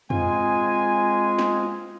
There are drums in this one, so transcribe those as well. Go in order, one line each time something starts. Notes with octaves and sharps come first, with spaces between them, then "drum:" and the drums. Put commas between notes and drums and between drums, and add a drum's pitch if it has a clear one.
G#3 C4 F4 G#5, drum: tom F2
drum: snare